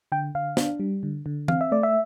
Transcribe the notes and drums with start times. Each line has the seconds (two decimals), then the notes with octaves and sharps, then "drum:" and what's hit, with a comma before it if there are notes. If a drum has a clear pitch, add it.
0.12 D3 G5
0.35 D3 F5
0.57 D4, drum: snare
0.80 G3
1.03 D3
1.26 D3
1.48 C4 F5, drum: tom E3
1.61 E5
1.72 A3 D5
1.83 E5